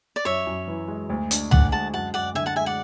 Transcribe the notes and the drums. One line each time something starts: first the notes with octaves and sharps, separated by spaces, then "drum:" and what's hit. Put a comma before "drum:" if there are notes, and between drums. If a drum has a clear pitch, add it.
D5
F#2 C#5 E5
F#2
E3
G#3
D2
D4, drum: hi-hat
D3 D5 F#5, drum: tom
G#3 F#5 A5
F#2 F#5 A5
F#2 D5 F#5
D3 E5 G#5
F#5 A5
G#3 E5 G#5
D5 F#5